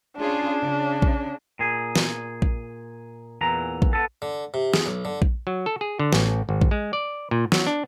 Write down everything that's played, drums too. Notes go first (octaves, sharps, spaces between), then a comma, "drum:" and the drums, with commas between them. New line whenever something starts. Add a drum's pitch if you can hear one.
C#4 D4 F4 G#4
C#3
drum: kick A#1
A#2 G#4
drum: snare
drum: kick A#1
E2 A#2 E3 A#5
drum: kick A#1
B3 A4
D3
C3
G#4, drum: snare
B1
D3
drum: kick A#1
F#3
A4
G#4
D3
A1, drum: snare
G#1
drum: kick A#1
G#3
D5
A#2
F#3, drum: snare
D4